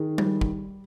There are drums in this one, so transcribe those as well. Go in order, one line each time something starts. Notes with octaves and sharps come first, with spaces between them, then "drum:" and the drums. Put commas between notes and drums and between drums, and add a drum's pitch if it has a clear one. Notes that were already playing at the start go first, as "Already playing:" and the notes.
Already playing: D#3 G#4
G3, drum: tom G3
drum: kick